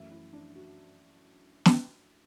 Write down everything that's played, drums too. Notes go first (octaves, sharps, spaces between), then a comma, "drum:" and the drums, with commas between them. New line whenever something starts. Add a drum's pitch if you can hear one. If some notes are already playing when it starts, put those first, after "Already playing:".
Already playing: F#2 E3 A3 E5
E4
D4
F#4
drum: snare